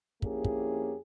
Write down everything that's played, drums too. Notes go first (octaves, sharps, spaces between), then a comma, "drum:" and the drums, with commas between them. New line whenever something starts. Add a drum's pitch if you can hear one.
F2 A#3 C#4 E4 G4 G#4, drum: kick
drum: kick